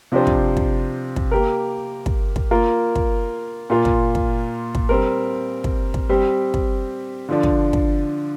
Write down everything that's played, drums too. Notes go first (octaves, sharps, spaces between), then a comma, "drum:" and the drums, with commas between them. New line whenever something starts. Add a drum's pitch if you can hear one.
C3 F3 D4 G4 C5
drum: kick
drum: kick
drum: kick
A#3 G4 A#4
drum: kick
drum: kick
A#3 F4 A#4
drum: kick
A#2 A#3 F4
drum: kick
drum: kick
drum: kick
G3 C4 A#4
drum: kick
drum: kick
G3 C4 G4
drum: kick
D3 F3 D4
drum: kick
drum: kick